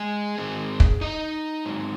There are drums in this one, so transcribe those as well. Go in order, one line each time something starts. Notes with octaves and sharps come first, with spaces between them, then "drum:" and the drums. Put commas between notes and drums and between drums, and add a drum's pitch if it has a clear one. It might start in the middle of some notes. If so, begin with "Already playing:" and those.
Already playing: G#3 G#4
G#2 D#3 G#3 C4
drum: kick
D#4 D#5
G#2 F#3 C4